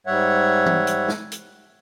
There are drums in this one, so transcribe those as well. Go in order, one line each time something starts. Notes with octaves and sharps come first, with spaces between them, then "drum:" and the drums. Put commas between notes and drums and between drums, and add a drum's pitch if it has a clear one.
G#2 G3 C#5 E5 F#5
drum: tom E3
drum: hi-hat
drum: snare
drum: hi-hat